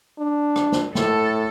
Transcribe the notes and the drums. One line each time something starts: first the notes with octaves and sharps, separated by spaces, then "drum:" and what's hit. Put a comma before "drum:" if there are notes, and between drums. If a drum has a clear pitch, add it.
D4
drum: rim click
drum: snare
A2 A4, drum: snare